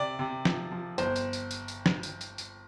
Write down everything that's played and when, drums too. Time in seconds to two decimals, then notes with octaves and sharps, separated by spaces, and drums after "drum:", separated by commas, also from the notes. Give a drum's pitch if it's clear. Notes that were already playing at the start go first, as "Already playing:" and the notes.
Already playing: C3 D5
0.19 C3
0.45 F3, drum: snare
0.72 F3
0.98 G1 C5, drum: tambourine
1.16 drum: tambourine
1.33 drum: tambourine
1.51 drum: tambourine
1.68 drum: tambourine
1.86 drum: snare
2.03 drum: tambourine
2.21 drum: tambourine
2.38 drum: tambourine